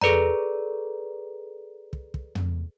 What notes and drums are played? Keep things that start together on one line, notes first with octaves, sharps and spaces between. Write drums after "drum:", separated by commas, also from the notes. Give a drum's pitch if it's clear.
G#4 A4 B4 D5 A#5, drum: tom
drum: kick
drum: kick
drum: tom